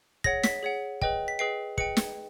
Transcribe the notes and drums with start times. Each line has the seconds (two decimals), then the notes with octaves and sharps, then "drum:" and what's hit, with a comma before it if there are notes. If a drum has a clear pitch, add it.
0.24 G#4 C#5 F#5 A#6, drum: kick
0.43 B6, drum: snare
0.63 G#4 C#5 F#5
1.02 G#4 B4 D#5 G5, drum: kick
1.28 B6
1.39 G#4 B4 D#5 G5 C7
1.78 G#4 B4 D#5 G5 C#7, drum: kick
1.97 drum: snare